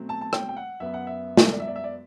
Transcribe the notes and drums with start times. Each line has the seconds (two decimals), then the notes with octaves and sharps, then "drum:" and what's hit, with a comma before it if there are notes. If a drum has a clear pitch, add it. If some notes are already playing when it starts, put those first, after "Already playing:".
Already playing: B2 F#3 A3 C4
0.09 A5
0.21 A5
0.33 G5, drum: rim click
0.49 G5
0.57 F#5
0.80 F#2 F#3 B3 E5
0.94 F#5
1.07 E5
1.37 drum: snare
1.52 D5
1.60 E5
1.67 D5
1.76 E5
1.84 D5